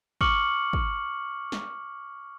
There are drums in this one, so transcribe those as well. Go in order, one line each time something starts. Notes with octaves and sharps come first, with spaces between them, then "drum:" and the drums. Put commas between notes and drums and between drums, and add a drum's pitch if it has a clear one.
C#6 D6 F6 C#7 F#7, drum: kick
drum: kick
drum: snare